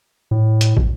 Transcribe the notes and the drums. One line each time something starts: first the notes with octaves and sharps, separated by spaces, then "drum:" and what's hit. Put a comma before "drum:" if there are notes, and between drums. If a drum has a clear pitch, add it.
A2
drum: hi-hat
drum: kick